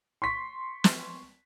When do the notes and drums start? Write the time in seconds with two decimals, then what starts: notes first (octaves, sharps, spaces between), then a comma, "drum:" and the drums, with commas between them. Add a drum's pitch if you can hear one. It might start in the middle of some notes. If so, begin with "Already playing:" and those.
0.22 C6 C#6 B6
0.84 drum: snare